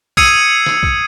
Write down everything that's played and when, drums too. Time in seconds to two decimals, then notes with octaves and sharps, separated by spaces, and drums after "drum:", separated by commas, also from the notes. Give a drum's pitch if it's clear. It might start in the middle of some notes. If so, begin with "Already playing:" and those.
0.17 D#6 E6 G#6 C7 C#7 D#7, drum: kick
0.66 drum: snare
0.83 drum: kick